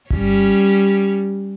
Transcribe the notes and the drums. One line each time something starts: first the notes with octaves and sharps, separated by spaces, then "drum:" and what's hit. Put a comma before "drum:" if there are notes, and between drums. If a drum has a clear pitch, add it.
G3 C#4, drum: kick G1